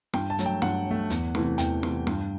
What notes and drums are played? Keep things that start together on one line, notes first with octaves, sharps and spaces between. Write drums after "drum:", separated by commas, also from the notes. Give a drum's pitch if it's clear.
G2 G5, drum: snare
A5
F#3 A3, drum: hi-hat
G5
G2 F#5, drum: snare
F#3 A3
E2, drum: hi-hat
C3 E3 A3, drum: snare
E2 G5, drum: hi-hat
C3 E3 A3, drum: snare
G2, drum: snare